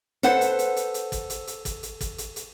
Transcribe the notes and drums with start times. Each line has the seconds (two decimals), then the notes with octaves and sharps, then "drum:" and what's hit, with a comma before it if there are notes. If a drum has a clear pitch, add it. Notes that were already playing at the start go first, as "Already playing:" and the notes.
0.23 A4 B4 C5 F#5, drum: hi-hat
0.41 drum: hi-hat
0.59 drum: hi-hat
0.76 drum: hi-hat
0.94 drum: hi-hat
1.12 drum: kick, hi-hat
1.30 drum: hi-hat
1.47 drum: hi-hat
1.65 drum: kick, hi-hat
1.83 drum: hi-hat
2.01 drum: kick, hi-hat
2.18 drum: hi-hat
2.36 drum: hi-hat